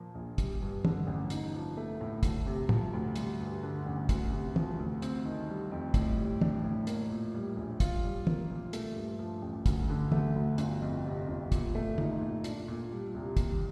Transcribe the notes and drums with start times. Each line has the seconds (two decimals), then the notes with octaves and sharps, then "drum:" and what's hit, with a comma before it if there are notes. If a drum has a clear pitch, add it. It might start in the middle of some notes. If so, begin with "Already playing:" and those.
Already playing: A#2 F3 A#3
0.15 A#1
0.38 G3, drum: kick, hi-hat
0.61 G2
0.85 D3, drum: tom
1.07 A1
1.30 D#4, drum: hi-hat
1.54 F3
1.77 A3
2.01 A2
2.23 D2, drum: kick, hi-hat
2.46 C3
2.69 F3, drum: tom
2.93 D2
3.16 G3, drum: hi-hat
3.40 G2
3.63 D3
3.86 A1
4.09 D2, drum: kick, hi-hat
4.32 C3
4.56 F3, drum: tom
4.79 D2
5.02 C4, drum: hi-hat
5.25 D#3
5.49 G3
5.71 F2
5.94 A2, drum: kick, hi-hat
6.18 G3
6.41 D4, drum: tom
6.64 A2
6.87 A#3, drum: hi-hat
7.10 A#2
7.34 G3
7.56 A#1
7.80 F4, drum: kick, hi-hat
8.03 G3
8.27 A#3, drum: tom
8.50 A#2
8.73 A3, drum: hi-hat
8.96 G2
9.19 F3
9.42 A1
9.66 D2, drum: kick, hi-hat
9.90 D3
10.12 A3, drum: tom
10.36 D2
10.58 G1, drum: hi-hat
10.82 F2
11.05 C3
11.28 G1
11.52 A#2, drum: kick, hi-hat
11.75 A3
11.98 D#4, drum: tom
12.21 A#2
12.44 D4, drum: hi-hat
12.68 A#2
12.91 G3
13.15 C2
13.37 D#2, drum: kick, hi-hat